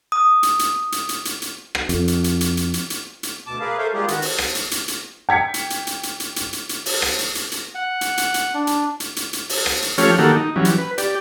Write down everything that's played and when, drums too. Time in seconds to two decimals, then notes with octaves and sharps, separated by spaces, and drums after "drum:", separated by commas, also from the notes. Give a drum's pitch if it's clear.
0.12 D#6
0.43 drum: hi-hat
0.59 drum: hi-hat
0.92 drum: hi-hat
1.09 drum: hi-hat
1.25 drum: hi-hat
1.42 drum: hi-hat
1.75 drum: rim click
1.89 F2, drum: hi-hat
2.08 drum: hi-hat
2.24 drum: hi-hat
2.41 drum: hi-hat
2.57 drum: hi-hat
2.74 drum: hi-hat
2.90 drum: hi-hat
3.23 drum: hi-hat
3.47 D2 B2 A5 D6
3.60 G#4 A#4 B4 D5 F5
3.78 A4 A#4 C5 C#5 E5 F5
3.94 G3 G#3 A#3 F4 G4 G#4
4.08 D#3 B3 F#4, drum: hi-hat
4.22 drum: open hi-hat
4.38 drum: rim click
4.55 drum: hi-hat
4.71 drum: hi-hat
4.88 drum: hi-hat
5.29 G5 G#6 B6 C#7
5.54 drum: hi-hat
5.70 drum: hi-hat
5.87 drum: hi-hat
6.03 drum: hi-hat
6.20 drum: hi-hat
6.36 drum: hi-hat
6.53 drum: hi-hat
6.69 drum: hi-hat
6.86 drum: open hi-hat
7.02 drum: rim click
7.19 drum: hi-hat
7.35 drum: hi-hat
7.52 drum: hi-hat
7.75 F#5
8.01 drum: hi-hat
8.18 drum: hi-hat
8.34 drum: hi-hat
8.54 D4
8.67 drum: hi-hat
9.00 drum: hi-hat
9.16 drum: hi-hat
9.33 drum: hi-hat
9.49 drum: open hi-hat
9.66 drum: rim click
9.82 drum: hi-hat
9.98 F3 A3 C#4 G4 C#5 F6, drum: hi-hat
10.19 D#3 A#3 F#4 G4 A4
10.36 D#4
10.56 E3 F#3 G3 C#4
10.65 drum: hi-hat
10.78 B4
10.98 G4 D5, drum: hi-hat